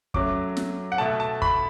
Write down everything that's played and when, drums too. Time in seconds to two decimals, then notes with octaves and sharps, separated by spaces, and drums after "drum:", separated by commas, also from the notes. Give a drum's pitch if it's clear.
0.14 F#2 F#3 A3 D6, drum: kick
0.57 drum: snare
0.92 F#5
0.98 B2 A3 A5
1.20 A5
1.42 B5, drum: kick